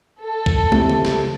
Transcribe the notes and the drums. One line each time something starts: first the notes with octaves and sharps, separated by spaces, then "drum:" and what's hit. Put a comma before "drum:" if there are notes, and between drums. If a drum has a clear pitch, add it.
A4
drum: kick B1
C3, drum: tom
drum: tom C#3
drum: snare